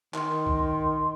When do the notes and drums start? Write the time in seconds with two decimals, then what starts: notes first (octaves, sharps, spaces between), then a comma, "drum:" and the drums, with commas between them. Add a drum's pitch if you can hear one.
0.14 D#3 C6, drum: clap
0.47 drum: kick C2